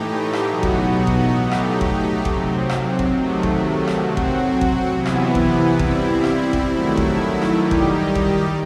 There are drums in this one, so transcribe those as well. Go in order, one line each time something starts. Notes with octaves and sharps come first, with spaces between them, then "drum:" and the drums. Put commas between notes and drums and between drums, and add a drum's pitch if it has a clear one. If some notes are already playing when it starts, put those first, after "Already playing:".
Already playing: A2 E3 A3 D#4 G4
drum: rim click
B2 F#3 B3 D#4 F#4
drum: kick G#1
drum: kick G#1
F#3 A3 D#4 G4
drum: rim click
drum: kick G#1
C3 F#3 C4, drum: kick G#1
drum: rim click
drum: kick G#1
C3 D#3 F#3 A3
drum: kick G#1
drum: rim click
F#3 C4 F#4
drum: kick G#1
drum: kick G#1
C3 E3 B3 E4
drum: rim click
drum: kick G#1
G3 C4 E4, drum: kick G#1
drum: rim click
drum: kick G#1
D#3 F#3 A3 E4
drum: kick G#1
drum: rim click
D#3 G3 D#4 G4
drum: kick G#1
drum: kick G#1